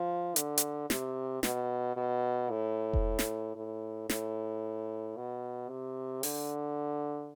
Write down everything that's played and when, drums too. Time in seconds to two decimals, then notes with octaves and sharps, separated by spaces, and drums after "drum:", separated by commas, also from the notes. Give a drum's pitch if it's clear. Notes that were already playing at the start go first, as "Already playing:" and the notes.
Already playing: F3
0.36 D3, drum: hi-hat
0.58 drum: hi-hat
0.90 C3, drum: snare
1.43 B2, drum: snare
1.96 B2
2.50 A2
2.93 drum: kick F1
3.19 drum: snare
3.56 A2
4.09 A2, drum: snare
5.17 B2
5.69 C3
6.23 D3, drum: open hi-hat